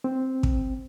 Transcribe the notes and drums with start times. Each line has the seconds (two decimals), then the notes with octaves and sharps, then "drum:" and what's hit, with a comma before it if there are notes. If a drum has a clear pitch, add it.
0.04 C4
0.43 drum: kick